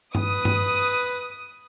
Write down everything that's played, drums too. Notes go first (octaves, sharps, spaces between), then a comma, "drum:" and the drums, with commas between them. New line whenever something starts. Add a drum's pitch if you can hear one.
B4 D#6, drum: tom G2
drum: tom G2